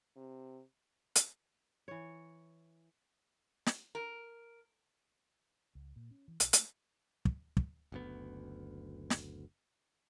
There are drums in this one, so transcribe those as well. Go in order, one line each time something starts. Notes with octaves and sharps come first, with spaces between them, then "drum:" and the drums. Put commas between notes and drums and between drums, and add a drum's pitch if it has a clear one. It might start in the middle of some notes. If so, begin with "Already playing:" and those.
C3
drum: hi-hat
E3 C#5
drum: snare
A#4
C#2
A#2
C#4
E3
B1, drum: hi-hat
A3, drum: hi-hat
drum: kick
drum: kick
F#1 D2 B3
drum: snare